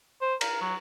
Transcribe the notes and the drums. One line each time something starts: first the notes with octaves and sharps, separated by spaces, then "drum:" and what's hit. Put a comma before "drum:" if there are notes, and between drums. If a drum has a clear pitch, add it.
C5
A#4, drum: cymbal
F#3